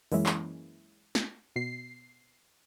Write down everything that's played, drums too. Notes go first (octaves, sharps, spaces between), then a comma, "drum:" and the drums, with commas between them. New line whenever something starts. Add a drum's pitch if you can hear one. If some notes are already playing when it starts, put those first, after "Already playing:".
F#2 E3 G#3 A#3 C#4 E4, drum: open hi-hat
drum: clap
drum: snare
B2 C7